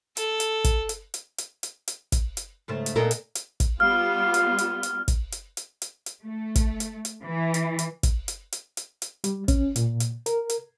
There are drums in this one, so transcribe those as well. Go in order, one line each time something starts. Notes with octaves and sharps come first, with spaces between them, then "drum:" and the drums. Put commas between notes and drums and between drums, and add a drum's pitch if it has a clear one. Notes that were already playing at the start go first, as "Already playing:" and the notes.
A4, drum: hi-hat
drum: hi-hat
drum: kick, hi-hat
drum: hi-hat
drum: hi-hat
drum: hi-hat
drum: hi-hat
drum: hi-hat
drum: kick, hi-hat
drum: hi-hat
G#2 C#3 A3
drum: hi-hat
A#2 B3 D#4 F4 A4 A#4
drum: hi-hat
drum: hi-hat
drum: kick, hi-hat
G3 B3 F4 F5 F6
drum: hi-hat
drum: hi-hat
drum: hi-hat
drum: kick, hi-hat
drum: hi-hat
drum: hi-hat
drum: hi-hat
drum: hi-hat
A3
drum: kick, hi-hat
drum: hi-hat
drum: hi-hat
E3
drum: hi-hat
drum: hi-hat
drum: kick, hi-hat
drum: hi-hat
drum: hi-hat
drum: hi-hat
drum: hi-hat
G3, drum: hi-hat
C#4, drum: kick, hi-hat
A#2, drum: hi-hat
drum: hi-hat
A#4, drum: hi-hat
drum: hi-hat